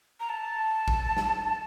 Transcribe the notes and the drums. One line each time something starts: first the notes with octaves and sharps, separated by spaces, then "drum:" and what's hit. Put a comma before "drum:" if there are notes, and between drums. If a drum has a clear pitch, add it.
A#5
A5
drum: kick
drum: snare